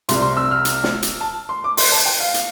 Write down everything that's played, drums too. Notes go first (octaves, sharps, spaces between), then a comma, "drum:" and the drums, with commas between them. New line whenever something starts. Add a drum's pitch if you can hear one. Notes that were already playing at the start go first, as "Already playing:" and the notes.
C2 C3 G3 C6, drum: hi-hat
C6
E6
F6
drum: hi-hat
drum: snare
drum: hi-hat
A5
C6
D6
C6, drum: open hi-hat
A5
G5
F5
drum: hi-hat